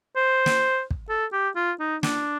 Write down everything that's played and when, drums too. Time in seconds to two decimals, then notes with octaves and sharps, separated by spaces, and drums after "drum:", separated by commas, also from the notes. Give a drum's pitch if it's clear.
0.16 C5
0.46 drum: snare
0.91 drum: kick
1.09 A4
1.33 G4
1.56 F4
1.80 D#4
2.03 D4, drum: snare